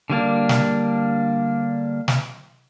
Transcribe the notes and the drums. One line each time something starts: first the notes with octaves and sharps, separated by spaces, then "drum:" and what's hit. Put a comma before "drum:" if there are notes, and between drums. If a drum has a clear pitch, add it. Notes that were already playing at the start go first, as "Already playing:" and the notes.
D3 G3 A#3 D4
drum: snare
drum: snare